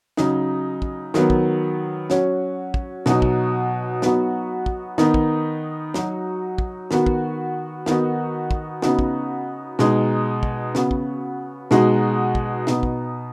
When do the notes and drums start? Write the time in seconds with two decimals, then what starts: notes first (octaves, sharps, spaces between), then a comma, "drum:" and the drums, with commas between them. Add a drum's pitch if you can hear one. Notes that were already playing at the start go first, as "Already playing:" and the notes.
0.17 C#3 F#3 D#4, drum: snare
0.82 drum: kick
1.14 D#3 F#3 B3, drum: snare
1.30 drum: kick
2.10 F#3 C#4 F#4, drum: snare
2.74 drum: kick
3.06 B2 F#3 D#4 F#4, drum: snare
3.22 drum: kick
4.02 F#3 B3 D#4 F#4, drum: snare
4.66 drum: kick
4.98 D#3 B3 D#4, drum: snare
5.14 drum: kick
5.94 F#3 D#4 F#4, drum: snare
6.58 drum: kick
6.91 D#3 B3 F#4, drum: snare
7.06 drum: kick
7.86 D#3 B3 D#4 F#4, drum: snare
8.51 drum: kick
8.82 C#3 B3 D#4 F#4, drum: snare
8.99 drum: kick
9.79 B2 G#3 D#4, drum: snare
10.43 drum: kick
10.75 C#3 B3 F#4, drum: snare
10.91 drum: kick
11.71 B2 G#3 D#4 F#4, drum: snare
12.35 drum: kick
12.67 B2 B3 D#4, drum: snare
12.83 drum: kick